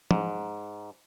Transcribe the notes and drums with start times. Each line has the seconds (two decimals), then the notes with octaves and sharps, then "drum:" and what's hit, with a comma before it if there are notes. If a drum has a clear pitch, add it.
0.11 G#2, drum: tom